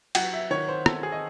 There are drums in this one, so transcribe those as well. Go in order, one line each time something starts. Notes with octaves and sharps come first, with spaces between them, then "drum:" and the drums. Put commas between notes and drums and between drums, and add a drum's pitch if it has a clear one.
F#3 F#5, drum: cymbal
E5
D#3 C#5
C5
C4 A4, drum: rim click
G#4
D#5